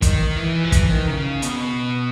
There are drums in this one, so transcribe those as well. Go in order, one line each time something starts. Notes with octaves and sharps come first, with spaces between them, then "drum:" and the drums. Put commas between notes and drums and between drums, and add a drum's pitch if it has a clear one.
D#3, drum: kick, hi-hat
E3
F3
E3, drum: kick, hi-hat
D#3
C#3
B2, drum: hi-hat